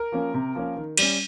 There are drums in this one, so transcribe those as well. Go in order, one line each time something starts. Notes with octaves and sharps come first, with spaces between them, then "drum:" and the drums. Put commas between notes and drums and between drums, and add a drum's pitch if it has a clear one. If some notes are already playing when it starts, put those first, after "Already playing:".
Already playing: A#4
F3 A#3 C#4
C3
F3 A#3 C#4
D#3
G3 C#4, drum: cymbal